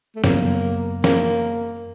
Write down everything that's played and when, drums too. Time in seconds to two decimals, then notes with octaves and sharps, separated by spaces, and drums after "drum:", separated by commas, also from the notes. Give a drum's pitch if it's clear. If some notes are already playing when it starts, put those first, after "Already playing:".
0.16 A3
0.24 F#2 C#3 F#3 A#3 B3, drum: snare
1.04 A#3, drum: snare